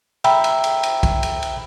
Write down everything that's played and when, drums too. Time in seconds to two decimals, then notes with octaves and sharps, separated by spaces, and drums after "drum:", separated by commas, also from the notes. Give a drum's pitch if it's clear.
0.24 E5 G5 A#5 B5 E6, drum: cymbal
0.44 drum: cymbal
0.64 drum: cymbal
0.83 drum: cymbal
1.03 drum: kick, cymbal
1.23 drum: cymbal
1.43 drum: cymbal